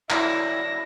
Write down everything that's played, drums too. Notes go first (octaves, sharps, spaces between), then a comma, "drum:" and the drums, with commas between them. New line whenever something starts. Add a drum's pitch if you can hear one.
D3 F#3 A#3 E4 A#6, drum: clap